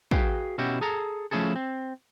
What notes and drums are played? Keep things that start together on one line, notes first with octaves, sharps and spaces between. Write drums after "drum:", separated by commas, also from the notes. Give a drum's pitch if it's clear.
F#4 G#4 B4 F5 G5, drum: kick
B2 C#4 E4 F#4 G4
G#4 A4 A#5
F3 A3 C#4 E4 G#4 A4
C4